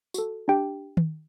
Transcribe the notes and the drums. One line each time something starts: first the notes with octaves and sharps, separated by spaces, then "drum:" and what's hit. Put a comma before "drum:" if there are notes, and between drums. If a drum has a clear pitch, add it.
F#4 A4, drum: tambourine
D4 G4 G5
drum: tom D#3